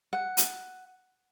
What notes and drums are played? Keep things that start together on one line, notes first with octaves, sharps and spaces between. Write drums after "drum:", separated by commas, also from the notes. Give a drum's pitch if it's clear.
F#5
drum: hi-hat